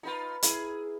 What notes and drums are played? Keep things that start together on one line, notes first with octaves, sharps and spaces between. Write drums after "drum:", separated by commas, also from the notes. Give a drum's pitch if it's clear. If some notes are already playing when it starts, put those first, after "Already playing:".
D#4 F4 B4 A#5
E4 G#4, drum: hi-hat